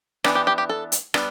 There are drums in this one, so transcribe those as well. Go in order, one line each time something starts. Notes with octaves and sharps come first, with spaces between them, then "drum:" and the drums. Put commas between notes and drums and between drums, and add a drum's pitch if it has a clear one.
E3 B3 D4 G4, drum: rim click
G4
G4
G4
A4
drum: hi-hat
G3 B3 D4, drum: rim click